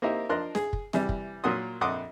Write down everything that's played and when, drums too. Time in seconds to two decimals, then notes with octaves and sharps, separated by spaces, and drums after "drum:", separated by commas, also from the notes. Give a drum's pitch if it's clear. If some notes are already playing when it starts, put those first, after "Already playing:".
0.02 A#3 C4 D#4 E4 G4 A#4
0.29 F3 D4 A#4 D#5 C6 F#6
0.55 G#4, drum: snare
0.73 drum: kick
0.93 C3 E3 G3, drum: snare
1.09 drum: kick
1.44 A#2 F#3 A#4 F#5 C6 D#6
1.81 A#1 F2 F#5 C6 D6 D#6